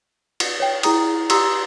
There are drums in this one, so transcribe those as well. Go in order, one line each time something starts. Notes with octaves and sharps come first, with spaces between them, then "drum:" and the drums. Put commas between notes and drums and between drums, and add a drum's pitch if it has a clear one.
drum: cymbal
C#5 G5
E4 G#4 A#5 D#6, drum: cymbal
G4 A#5 C6 D#6 E6, drum: cymbal